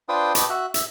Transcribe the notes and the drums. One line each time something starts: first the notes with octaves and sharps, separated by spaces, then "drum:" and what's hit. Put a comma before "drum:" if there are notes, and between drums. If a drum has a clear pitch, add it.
D4 F4 B4 C5 G5 D#6
B4 D#5 G5 A5 C#6 D6, drum: hi-hat
F#4 E5 F#6
E5, drum: hi-hat